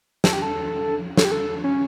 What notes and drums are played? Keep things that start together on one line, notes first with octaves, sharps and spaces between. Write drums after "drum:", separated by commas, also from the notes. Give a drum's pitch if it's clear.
A4, drum: snare
G4
A4
A4, drum: snare
G4
A4
C#4